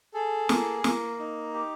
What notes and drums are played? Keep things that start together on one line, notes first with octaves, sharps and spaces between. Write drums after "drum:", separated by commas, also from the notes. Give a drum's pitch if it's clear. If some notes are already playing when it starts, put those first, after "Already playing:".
G#4 A4
A#3, drum: snare
A#3, drum: snare
D#4
G4